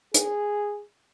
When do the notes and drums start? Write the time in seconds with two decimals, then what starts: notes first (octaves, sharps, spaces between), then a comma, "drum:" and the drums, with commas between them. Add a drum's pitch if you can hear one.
0.14 G#4, drum: hi-hat